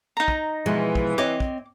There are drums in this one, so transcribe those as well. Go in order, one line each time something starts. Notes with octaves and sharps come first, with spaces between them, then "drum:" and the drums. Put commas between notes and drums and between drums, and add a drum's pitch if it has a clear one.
D#4 A#5
drum: kick
B2 E3 F3 G#3
drum: kick
C4 C#5 D#5 D6
drum: kick